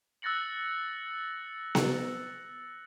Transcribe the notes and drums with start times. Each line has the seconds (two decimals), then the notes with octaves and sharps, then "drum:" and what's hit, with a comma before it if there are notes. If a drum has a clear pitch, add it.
0.22 E6 F#6 A6 A#6 C#7 F#7
1.75 drum: snare B3